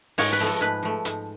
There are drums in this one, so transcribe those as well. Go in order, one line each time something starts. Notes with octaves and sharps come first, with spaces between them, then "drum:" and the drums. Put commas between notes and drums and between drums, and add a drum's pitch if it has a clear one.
G#2 C#5, drum: open hi-hat
B4
F3 A3
A4
G#2 B4
F3 A3
G#2, drum: hi-hat